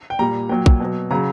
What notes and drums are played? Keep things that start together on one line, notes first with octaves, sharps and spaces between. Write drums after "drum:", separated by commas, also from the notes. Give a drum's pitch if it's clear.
G5
A#2 G3 A#5
A#2 F#3 G5
drum: kick
B2 F#3
C#3 F#3 A#5